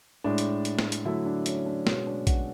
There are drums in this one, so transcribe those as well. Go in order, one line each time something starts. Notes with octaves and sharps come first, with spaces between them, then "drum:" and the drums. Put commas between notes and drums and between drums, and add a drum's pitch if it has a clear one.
A2 G#3 D4
drum: hi-hat
drum: hi-hat
drum: snare
drum: hi-hat
D3 F#3 A3 E4
D4
C#4, drum: hi-hat
D4
B2 G#3 C#4, drum: snare
D4
F#4, drum: kick A#1, hi-hat